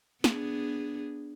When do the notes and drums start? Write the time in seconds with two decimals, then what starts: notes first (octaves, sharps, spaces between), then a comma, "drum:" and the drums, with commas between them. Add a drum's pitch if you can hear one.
0.24 B3 D4 G#4, drum: snare